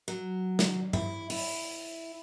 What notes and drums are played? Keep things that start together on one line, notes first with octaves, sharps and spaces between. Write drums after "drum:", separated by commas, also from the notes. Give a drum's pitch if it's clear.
F#3
drum: snare
E4, drum: tom G2
E4, drum: open hi-hat